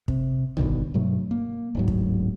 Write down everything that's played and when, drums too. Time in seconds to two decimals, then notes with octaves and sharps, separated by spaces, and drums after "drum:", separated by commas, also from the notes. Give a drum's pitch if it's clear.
0.08 C3, drum: kick
0.57 G1 B2 D3 D#3, drum: tom
0.94 G2 B2 F#3 A3
1.31 A#3
1.75 D1 G#2 F#3
1.88 drum: kick